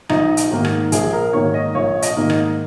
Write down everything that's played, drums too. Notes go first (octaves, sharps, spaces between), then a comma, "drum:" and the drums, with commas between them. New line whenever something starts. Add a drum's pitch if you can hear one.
A#1 D#4, drum: rim click
drum: hi-hat
G#2 D#3 A#3
drum: rim click
A#1 G#4, drum: hi-hat
A#4
G#2 D#3 A#3 C#5
D#5
A#1 C#5
D#5, drum: hi-hat
G#2 D#3 A#3
D#5, drum: rim click